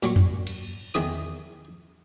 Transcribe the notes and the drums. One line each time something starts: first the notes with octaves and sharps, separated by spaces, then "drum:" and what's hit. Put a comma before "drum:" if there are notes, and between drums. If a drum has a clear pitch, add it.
A#2 F#3 C#6, drum: open hi-hat
drum: tom F2
drum: cymbal
E2 D#3 E3 D#6